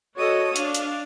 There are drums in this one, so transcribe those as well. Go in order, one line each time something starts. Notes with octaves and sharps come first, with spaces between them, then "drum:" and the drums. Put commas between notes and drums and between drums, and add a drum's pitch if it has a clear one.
F#4 A4 C#5 D#5 D#6
D4 F5, drum: hi-hat
drum: hi-hat